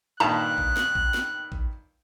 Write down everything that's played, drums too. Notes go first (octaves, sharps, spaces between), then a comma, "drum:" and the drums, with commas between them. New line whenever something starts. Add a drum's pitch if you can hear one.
G2 A#2 D#3 A5 F#6
drum: kick
drum: snare
drum: kick
drum: snare
drum: kick